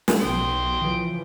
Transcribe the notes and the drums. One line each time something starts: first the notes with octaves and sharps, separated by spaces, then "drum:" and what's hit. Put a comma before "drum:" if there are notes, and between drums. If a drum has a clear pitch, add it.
drum: snare
B1 G5 C6 D#6
C#3 E3 F3